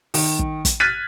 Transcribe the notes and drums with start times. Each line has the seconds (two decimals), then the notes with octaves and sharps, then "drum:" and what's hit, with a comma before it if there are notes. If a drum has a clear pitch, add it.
0.14 D#3, drum: open hi-hat
0.39 drum: kick
0.65 drum: kick, hi-hat
0.80 F6 F#6 G#6 A6 B6 D#7